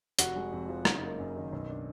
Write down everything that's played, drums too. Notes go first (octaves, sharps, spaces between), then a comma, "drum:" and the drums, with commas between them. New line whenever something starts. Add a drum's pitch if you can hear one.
F1 F#4 F#5, drum: hi-hat
G#3
F2
F3
F#1 D#4 D#5, drum: rim click
A#3
F#2
D#3
B1
D4